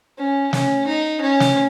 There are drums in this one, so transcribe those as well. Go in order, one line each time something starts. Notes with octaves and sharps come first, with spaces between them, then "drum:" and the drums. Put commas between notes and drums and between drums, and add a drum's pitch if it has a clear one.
C#4
C#4, drum: snare
D#4
C#4
drum: snare